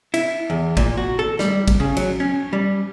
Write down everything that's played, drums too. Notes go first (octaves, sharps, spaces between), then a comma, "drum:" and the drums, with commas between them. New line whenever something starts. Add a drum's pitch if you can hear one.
E4, drum: cymbal
E2
A#2, drum: kick, cymbal
F#4
A4
G3, drum: snare
drum: kick, cymbal
C#3
F#3, drum: cymbal
C#4
G3